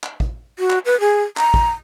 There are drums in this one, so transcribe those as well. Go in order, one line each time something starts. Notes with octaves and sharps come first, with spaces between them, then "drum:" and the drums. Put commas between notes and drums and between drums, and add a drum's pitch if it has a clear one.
drum: clap
drum: kick
F#4
drum: clap
B4
G#4
A#5, drum: clap
drum: kick